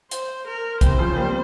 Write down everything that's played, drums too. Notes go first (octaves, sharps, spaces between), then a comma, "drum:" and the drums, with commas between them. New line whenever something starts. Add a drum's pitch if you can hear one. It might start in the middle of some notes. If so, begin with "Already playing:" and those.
C5, drum: hi-hat
A#4
C3 E3 C5, drum: kick, hi-hat
C#3 F3
G3 A#3
C4